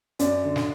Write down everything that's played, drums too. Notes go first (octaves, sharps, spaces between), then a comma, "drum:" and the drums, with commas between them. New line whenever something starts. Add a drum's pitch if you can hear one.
F#2 D5, drum: hi-hat
D3
drum: snare